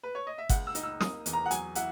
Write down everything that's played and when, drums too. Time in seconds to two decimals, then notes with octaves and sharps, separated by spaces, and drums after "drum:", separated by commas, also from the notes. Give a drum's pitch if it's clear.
0.03 B4
0.15 C#5
0.27 D#5
0.38 E5
0.49 C#2 F#5, drum: kick G1, hi-hat
0.67 E6
0.75 D#4, drum: hi-hat
0.83 E6
1.01 A#3 D#6, drum: snare
1.26 E2, drum: hi-hat
1.33 A#5
1.46 F#5
1.51 F#3 G#5, drum: hi-hat
1.75 E4 F#5, drum: hi-hat